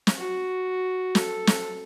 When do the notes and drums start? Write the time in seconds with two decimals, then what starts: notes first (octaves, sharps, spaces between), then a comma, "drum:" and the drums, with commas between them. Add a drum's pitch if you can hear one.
0.07 drum: snare
0.17 F#4
1.15 A4, drum: snare
1.47 drum: snare